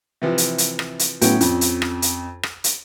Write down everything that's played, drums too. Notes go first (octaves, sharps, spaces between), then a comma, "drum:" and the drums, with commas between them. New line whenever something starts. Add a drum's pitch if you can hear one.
C3 E3 F3
drum: hi-hat
drum: hi-hat
drum: rim click
drum: hi-hat
A2 F#3 B3 C#4 G5, drum: hi-hat
F2, drum: hi-hat
drum: hi-hat
drum: rim click
drum: hi-hat
drum: rim click
drum: hi-hat